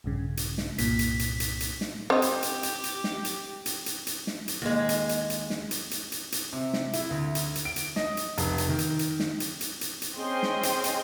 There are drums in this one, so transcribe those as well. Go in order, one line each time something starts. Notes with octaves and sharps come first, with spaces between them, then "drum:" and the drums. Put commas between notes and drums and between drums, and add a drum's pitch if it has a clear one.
A#1 G2 C#3
drum: hi-hat
drum: snare
C2 G2 A#2 B6, drum: hi-hat
drum: hi-hat
drum: hi-hat
drum: hi-hat
drum: hi-hat
drum: snare
C4 G4 D#5
drum: hi-hat
drum: hi-hat
drum: hi-hat
drum: hi-hat
drum: snare
drum: hi-hat
drum: hi-hat
drum: hi-hat
drum: hi-hat
drum: snare
drum: hi-hat
D#2 G#3
drum: hi-hat
drum: hi-hat
drum: hi-hat
drum: snare
drum: hi-hat
drum: hi-hat
drum: hi-hat
drum: hi-hat
C3
drum: snare
E4, drum: hi-hat
D2
drum: hi-hat
drum: hi-hat
D7
drum: hi-hat
D#5, drum: snare
drum: hi-hat
F1, drum: hi-hat
drum: hi-hat
D#3
drum: hi-hat
drum: hi-hat
drum: snare
drum: hi-hat
drum: hi-hat
drum: hi-hat
drum: hi-hat
C4 C#4 G#4 D#5 G5 C6
drum: snare
drum: hi-hat
drum: hi-hat